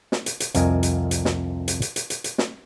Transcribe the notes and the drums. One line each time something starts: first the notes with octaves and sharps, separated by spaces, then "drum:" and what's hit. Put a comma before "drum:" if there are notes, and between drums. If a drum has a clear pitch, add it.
drum: snare
drum: hi-hat
drum: hi-hat
C2 F2 A#4 D#5 G#5, drum: hi-hat
drum: hi-hat
drum: hi-hat
drum: snare
drum: hi-hat
drum: hi-hat
drum: hi-hat
drum: hi-hat
drum: hi-hat
drum: snare